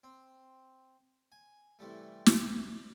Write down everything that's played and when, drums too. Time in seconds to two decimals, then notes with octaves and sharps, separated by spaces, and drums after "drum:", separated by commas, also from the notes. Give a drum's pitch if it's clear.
0.04 C4
1.32 G#5
1.79 A2 C3 E3 G3 A3
2.26 drum: snare